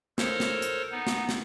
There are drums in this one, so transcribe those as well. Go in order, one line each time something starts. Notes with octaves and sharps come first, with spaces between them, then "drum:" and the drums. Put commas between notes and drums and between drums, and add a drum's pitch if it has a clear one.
A4 A#4 C5 C#5, drum: snare
drum: snare
drum: hi-hat
B3 D#4
drum: snare
drum: snare